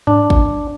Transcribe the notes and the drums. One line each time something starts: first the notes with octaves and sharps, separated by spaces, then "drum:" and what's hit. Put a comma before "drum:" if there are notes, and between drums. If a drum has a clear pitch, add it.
D4, drum: tom G#2
drum: kick